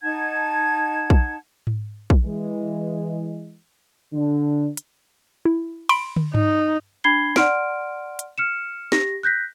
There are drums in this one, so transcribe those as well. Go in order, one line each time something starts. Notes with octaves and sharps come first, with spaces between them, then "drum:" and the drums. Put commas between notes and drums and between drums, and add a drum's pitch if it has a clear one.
D#4 F#5 A5 G#6
drum: kick A#1
drum: tom G#2
drum: kick A#1
E3 G#3
D3 D4
drum: hi-hat
E4
B5 C6 D7, drum: cymbal
drum: tom
D#4, drum: tom G2
D4 B5 G#6 C7 G7
D5 F#5 C6 F6 D7, drum: snare
drum: hi-hat
F6 C#7 E7
G4 A#6, drum: snare
F#6 G6 A#6 B6